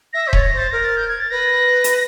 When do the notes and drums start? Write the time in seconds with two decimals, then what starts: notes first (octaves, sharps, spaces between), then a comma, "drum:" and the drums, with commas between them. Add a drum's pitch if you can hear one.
0.13 E5 A#6
0.27 C5 B6
0.33 C#5 A6, drum: kick D#1
0.43 A#6
0.53 C5 A6
0.71 A#4 A#6
0.84 A6
0.97 G6
1.08 G#6
1.20 A6
1.31 B4 A#6
1.84 drum: hi-hat